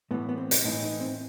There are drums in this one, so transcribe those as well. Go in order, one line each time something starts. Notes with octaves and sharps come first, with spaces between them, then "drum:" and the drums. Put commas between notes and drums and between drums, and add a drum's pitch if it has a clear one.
A2 E3 B3
B3
C4
drum: hi-hat
A2 E3 D#4
D#4
C4